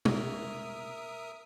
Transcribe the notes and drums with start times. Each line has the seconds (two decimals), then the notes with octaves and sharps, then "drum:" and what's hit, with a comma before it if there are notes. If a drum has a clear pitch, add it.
0.05 A#4 E5 D#6, drum: tom